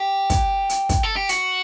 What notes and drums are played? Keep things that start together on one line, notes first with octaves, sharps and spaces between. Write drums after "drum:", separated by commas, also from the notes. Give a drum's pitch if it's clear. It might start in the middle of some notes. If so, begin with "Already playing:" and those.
Already playing: G4
drum: kick, hi-hat
drum: hi-hat
drum: kick, hi-hat
A4
G4
F#4, drum: hi-hat